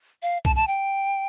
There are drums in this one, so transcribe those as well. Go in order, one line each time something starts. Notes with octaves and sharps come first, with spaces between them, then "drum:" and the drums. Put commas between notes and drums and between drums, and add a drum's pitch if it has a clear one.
F5
A5, drum: kick
A5
G5